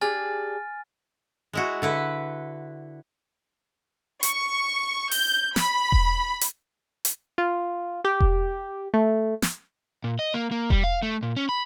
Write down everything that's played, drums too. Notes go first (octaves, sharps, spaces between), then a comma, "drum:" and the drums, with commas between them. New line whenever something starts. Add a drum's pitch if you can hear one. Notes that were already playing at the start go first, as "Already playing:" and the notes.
D4 G4 G#4 G#5 F6 A6
G#3 E4 F#4
D3 E4 B4
C#6, drum: hi-hat
G6, drum: open hi-hat
B5, drum: snare
drum: kick E1
drum: hi-hat
drum: hi-hat
F4
G4
drum: kick E1
A3
drum: snare
A#2
D#5
A#3
A#3
G3, drum: kick E1
F5
A3
A#2
C#4
B5